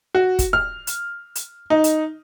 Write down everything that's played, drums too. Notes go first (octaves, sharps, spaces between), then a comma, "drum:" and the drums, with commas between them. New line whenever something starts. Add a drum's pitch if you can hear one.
F#4
drum: kick, hi-hat
F6
drum: hi-hat
drum: hi-hat
D#4
drum: hi-hat